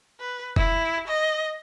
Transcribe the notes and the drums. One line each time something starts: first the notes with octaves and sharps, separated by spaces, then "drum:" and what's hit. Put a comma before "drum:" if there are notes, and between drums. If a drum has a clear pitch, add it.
B4
E4, drum: kick F1
D#5